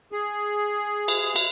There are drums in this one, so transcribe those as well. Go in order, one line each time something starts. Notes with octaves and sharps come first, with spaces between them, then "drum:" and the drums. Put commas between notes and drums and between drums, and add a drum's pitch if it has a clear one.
G#4
drum: cymbal
drum: cymbal